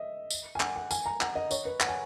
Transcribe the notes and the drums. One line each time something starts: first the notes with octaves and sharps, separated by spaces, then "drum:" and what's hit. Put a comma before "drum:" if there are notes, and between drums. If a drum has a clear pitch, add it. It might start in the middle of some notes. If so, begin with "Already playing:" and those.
Already playing: D#5 E5
drum: tambourine
G#5
F#5, drum: clap
F#5
G#5, drum: tambourine
A#5
F#5, drum: clap
D#5
C#5, drum: tambourine
B4
F#5, drum: clap
G#5